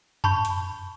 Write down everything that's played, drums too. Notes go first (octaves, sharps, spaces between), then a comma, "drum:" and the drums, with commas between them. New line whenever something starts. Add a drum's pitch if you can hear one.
A5 B5 C#6 G6, drum: tom F2
drum: hi-hat